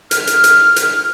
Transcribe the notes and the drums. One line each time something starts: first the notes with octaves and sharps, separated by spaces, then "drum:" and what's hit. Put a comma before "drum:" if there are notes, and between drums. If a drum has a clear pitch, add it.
F6, drum: hi-hat
drum: hi-hat
drum: hi-hat
drum: hi-hat